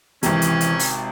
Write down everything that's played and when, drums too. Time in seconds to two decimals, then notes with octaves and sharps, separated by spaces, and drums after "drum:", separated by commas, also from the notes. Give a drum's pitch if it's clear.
0.23 G#1 C3 E3 C#4, drum: hi-hat
0.42 drum: hi-hat
0.61 drum: hi-hat
0.79 drum: open hi-hat